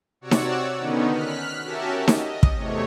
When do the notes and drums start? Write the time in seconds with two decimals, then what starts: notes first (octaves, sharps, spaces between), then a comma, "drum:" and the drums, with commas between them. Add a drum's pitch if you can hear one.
0.21 C3 F#4 C#5 D5 F#5 E6
0.31 drum: snare D#4
0.77 D3 D#3 B3 C#4 D#4
1.09 F6 F#6 B6
1.64 C#4 F#4 G4 A#4 E5 A5
2.08 D#5, drum: snare D#4
2.43 drum: kick
2.56 E2 C3 A3 C#5